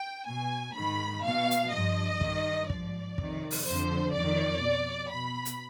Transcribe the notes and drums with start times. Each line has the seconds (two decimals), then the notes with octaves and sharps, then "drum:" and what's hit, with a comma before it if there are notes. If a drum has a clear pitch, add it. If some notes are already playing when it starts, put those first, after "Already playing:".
Already playing: G5
0.27 B2 G#5
0.76 G#2 D#3 B5
1.24 B2 F5
1.51 drum: hi-hat
1.72 G2 F3 D#5
2.21 G2 D#3, drum: kick
2.70 G#2 F3 D5, drum: kick
3.18 F2 C3 D#3, drum: kick
3.51 drum: open hi-hat
3.66 F2 D3 F3 C5
4.14 F2 D#3 D5
4.62 B2
5.11 B2 B5
5.45 drum: hi-hat